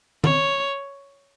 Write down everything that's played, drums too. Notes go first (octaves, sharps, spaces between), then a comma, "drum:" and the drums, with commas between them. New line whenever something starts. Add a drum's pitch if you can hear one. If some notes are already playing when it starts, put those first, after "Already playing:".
C#5, drum: tom D#3